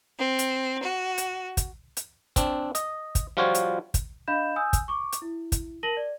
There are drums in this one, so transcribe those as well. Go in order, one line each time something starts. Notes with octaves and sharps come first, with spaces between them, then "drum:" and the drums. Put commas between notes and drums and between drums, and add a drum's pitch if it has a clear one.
C4
drum: hi-hat
F#4
drum: hi-hat
drum: kick, hi-hat
drum: hi-hat
C4 D4, drum: kick, hi-hat
D#5, drum: hi-hat
drum: kick, hi-hat
F3 G3 F4 F#4 C5 C#5
drum: hi-hat
drum: kick, hi-hat
D4 D#5 F5 B5 G6 E7
G#5 D#6 E6 G6
drum: kick, hi-hat
C#6 D6
drum: hi-hat
E4
drum: kick, hi-hat
A#4 A5 A#6 D#7 F#7 G7
D5